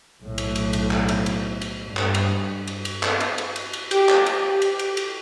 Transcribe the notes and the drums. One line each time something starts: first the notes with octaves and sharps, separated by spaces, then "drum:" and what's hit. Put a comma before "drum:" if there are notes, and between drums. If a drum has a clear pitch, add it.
B1 A2
drum: cymbal
drum: cymbal
drum: cymbal
drum: clap
drum: cymbal
drum: cymbal
drum: cymbal
G2
drum: clap
drum: cymbal
drum: cymbal
drum: cymbal
drum: clap
drum: cymbal
drum: cymbal
drum: cymbal
drum: cymbal
G4, drum: cymbal
drum: clap
drum: cymbal
drum: cymbal
drum: cymbal
drum: cymbal